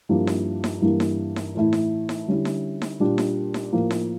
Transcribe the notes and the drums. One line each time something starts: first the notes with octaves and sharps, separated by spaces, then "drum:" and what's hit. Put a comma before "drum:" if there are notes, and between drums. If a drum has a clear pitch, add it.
G2 F3 A#3 E4 G4
drum: snare D#4
drum: snare D#4
G2 E3 G3 A#3 E4
drum: snare D#4
drum: snare D#4
A2 E3 A3 E4
drum: snare D#4
drum: snare D#4
D3 G3 C#4 E4
drum: snare D#4
drum: snare D#4
A#2 G3 D4 G4
drum: snare D#4
drum: snare D#4
A2 F3 A#3
drum: snare D#4